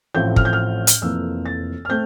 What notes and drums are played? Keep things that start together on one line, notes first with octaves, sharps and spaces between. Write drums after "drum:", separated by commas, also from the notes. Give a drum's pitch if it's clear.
A1 A2 F3 C4 G6
F6, drum: kick
G6
F6
drum: hi-hat
F1 F2 E3 A#3 E6
A6
F6
A3 C4 G6